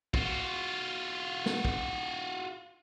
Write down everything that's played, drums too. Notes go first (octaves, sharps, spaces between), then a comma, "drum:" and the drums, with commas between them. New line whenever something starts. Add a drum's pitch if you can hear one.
F4 F#4, drum: kick
drum: snare
drum: kick